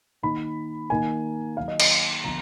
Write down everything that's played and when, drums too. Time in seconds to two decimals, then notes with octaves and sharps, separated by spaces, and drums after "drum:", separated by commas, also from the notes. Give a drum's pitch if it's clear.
0.23 D#3 A#3 D#4 B5
0.90 D#3 A#3 D#4 G#5
1.57 D#3 F#3 A#3 F5
1.68 D#5
1.80 D#5, drum: cymbal
2.24 D3 F3 B3 A#5